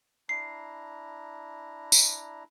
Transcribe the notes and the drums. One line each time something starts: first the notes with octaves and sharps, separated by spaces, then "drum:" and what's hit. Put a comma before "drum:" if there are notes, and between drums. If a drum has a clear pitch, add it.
D4 E4 A#5 C7
drum: tambourine